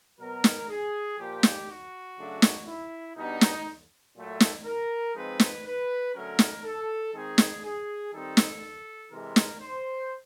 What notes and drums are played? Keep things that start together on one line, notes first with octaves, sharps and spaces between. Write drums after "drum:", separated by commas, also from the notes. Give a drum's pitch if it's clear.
B2 F#3 B3 A#4
drum: snare
G#4
A#2 F3 A#3 G4
drum: snare
F#4
C#3 F#3 A3 D4
drum: snare
E4
B2 G3 B3 D4 D#4
drum: snare
A#2 F#3 A3
drum: snare
A#4
F3 G#3 C4 D#4 B4
drum: snare
B4
D3 F#3 A3 C#4 A#4
drum: snare
A4
D#3 G#3 C4 D#4 G#4
drum: snare
G#4
D#3 G3 C4 D#4 A4
drum: snare
C3 E3 G#3 A#4
drum: snare
C5